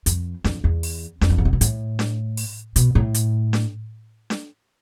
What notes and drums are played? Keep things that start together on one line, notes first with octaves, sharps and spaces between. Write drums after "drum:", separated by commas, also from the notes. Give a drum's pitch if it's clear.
F2, drum: hi-hat
F2, drum: snare D4
E2
drum: open hi-hat
F2, drum: snare D4
E3
D3
C3
B2
A2, drum: hi-hat
drum: snare D4
drum: open hi-hat
B2, drum: hi-hat
A2
drum: hi-hat
drum: snare D4
drum: snare D4